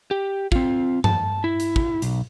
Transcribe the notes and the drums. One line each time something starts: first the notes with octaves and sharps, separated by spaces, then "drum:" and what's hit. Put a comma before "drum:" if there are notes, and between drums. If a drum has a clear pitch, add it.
G4
C4 F4, drum: kick
A5, drum: tom G2
E4
drum: hi-hat
drum: kick
B1, drum: hi-hat